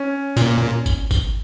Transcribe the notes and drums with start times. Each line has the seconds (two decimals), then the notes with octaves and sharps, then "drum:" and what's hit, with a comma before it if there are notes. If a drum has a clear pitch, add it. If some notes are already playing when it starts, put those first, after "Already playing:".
Already playing: C#4
0.37 A#2, drum: tambourine
0.86 drum: kick G#1, tambourine
1.11 drum: kick G#1, tambourine